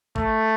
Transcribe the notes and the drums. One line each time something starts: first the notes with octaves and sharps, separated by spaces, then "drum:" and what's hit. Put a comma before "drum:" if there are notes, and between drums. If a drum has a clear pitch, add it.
A3, drum: kick G1